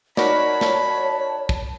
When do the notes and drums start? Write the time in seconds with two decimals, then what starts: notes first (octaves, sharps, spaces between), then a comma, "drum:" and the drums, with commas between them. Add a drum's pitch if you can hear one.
0.17 D#4 F#4 A#4 C#5 D5 A5 B5, drum: snare
0.61 drum: snare
1.49 drum: kick